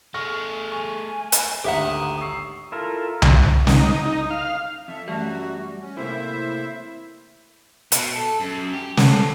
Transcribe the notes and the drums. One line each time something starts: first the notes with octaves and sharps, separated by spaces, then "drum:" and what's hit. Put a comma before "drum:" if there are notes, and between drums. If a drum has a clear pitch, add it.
A3 G#4 C#6 F6 A#6
G#5 C#6 F7
drum: hi-hat
G#1 D2 G4 E5 F#5 G5 A#5 D#6
C#6 E6 C7
E4 F4 A4 A#4
G3 F#4 B4 D5, drum: tom C2
D#4, drum: snare
D#4
F5
F2 A4 E5
F#2 E3 F#3 G3 A3 F#4
C#4
A2 C3 A#3 E4 C5 E5
B2, drum: hi-hat
A4
F#2
G4
A2, drum: snare